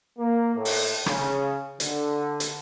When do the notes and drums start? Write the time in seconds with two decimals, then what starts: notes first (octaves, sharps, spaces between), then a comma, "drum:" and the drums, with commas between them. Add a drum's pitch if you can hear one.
0.18 A#3
0.55 A2
0.65 drum: open hi-hat
1.06 C#3, drum: rim click
1.80 D3, drum: hi-hat
2.40 drum: hi-hat